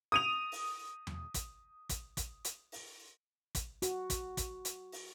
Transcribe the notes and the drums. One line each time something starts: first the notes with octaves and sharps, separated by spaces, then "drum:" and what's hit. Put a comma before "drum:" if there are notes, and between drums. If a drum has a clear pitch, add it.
D#6 D#7 F7
drum: open hi-hat
drum: tom E2
drum: kick, hi-hat
drum: kick, hi-hat
drum: kick, hi-hat
drum: hi-hat
drum: open hi-hat
drum: kick, hi-hat
F#4, drum: hi-hat
drum: kick, hi-hat
drum: kick, hi-hat
drum: hi-hat
drum: open hi-hat